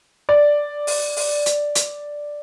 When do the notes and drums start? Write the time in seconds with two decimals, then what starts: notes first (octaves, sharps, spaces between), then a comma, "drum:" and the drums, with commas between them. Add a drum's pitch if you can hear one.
0.29 D5
0.87 drum: open hi-hat
1.16 drum: open hi-hat
1.46 drum: hi-hat
1.75 drum: hi-hat